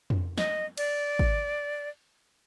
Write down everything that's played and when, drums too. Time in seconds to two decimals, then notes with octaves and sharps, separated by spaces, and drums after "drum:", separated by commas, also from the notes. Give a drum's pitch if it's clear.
0.10 drum: tom F2
0.38 D#5, drum: snare
0.78 D5, drum: cymbal
1.19 drum: kick G#1